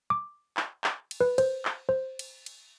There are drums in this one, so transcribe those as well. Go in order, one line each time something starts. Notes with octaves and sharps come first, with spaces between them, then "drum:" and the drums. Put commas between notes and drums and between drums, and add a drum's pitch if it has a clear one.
D6
drum: clap
drum: clap
drum: cymbal
B4
C5, drum: cymbal
drum: clap
C5
drum: cymbal
drum: cymbal